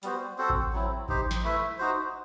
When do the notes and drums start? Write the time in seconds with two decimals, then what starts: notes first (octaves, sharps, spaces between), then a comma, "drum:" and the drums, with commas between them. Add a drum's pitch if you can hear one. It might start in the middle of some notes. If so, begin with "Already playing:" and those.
0.03 G3 B3 F#4 C5, drum: hi-hat
0.38 C4 F#4 A4 C5
0.50 drum: kick A1
0.73 F#3 C4 E4
1.09 D#4 G4 C5, drum: kick A1
1.31 drum: snare
1.44 A3 E4 B4 E5
1.78 D#4 F#4 C5